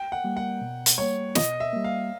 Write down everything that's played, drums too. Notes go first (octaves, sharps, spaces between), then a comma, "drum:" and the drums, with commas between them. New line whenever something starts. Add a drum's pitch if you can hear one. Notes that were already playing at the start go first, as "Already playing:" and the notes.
Already playing: G5
F#5
G3 A#3
F#5
B2
drum: hi-hat
G3 A#3 C#5
B2 D#5, drum: snare
E5
G3 A#3
F5